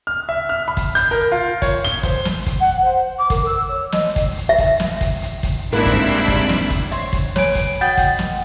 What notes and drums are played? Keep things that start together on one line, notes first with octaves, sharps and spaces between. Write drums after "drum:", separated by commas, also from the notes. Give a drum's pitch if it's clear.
F6
E5
F6
B5
drum: kick, hi-hat
G6, drum: hi-hat
A#4
F4
C#5, drum: kick, hi-hat
G7, drum: hi-hat
C5, drum: kick, hi-hat
drum: snare
drum: kick, hi-hat
F#5
C5
D6
A#4, drum: kick, hi-hat
E6
C#5
D#5, drum: snare
drum: kick, hi-hat
drum: hi-hat
E5
drum: kick, hi-hat
drum: snare
drum: kick, hi-hat
drum: hi-hat
drum: kick, hi-hat
G#2 G3 A#3 C4 D4 E4 F#6 E7
drum: kick, hi-hat
drum: hi-hat
drum: kick, hi-hat
drum: snare
drum: kick, hi-hat
C5 C#5 E5, drum: hi-hat
drum: kick, hi-hat
B4 C#5 G#5 D7, drum: snare
drum: kick, hi-hat
F#4 D#5 F#5 G5 G6 A6
drum: kick, hi-hat
drum: snare